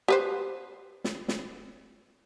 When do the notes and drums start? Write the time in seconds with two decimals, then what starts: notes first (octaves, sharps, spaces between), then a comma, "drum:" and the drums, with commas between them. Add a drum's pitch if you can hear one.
0.08 G4 B4 C5
1.04 drum: snare
1.28 drum: snare